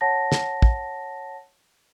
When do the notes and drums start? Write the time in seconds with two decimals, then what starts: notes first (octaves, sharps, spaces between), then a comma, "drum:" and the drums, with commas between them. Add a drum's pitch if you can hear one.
0.01 C#5 F#5 A5 A#6
0.32 drum: snare
0.62 drum: kick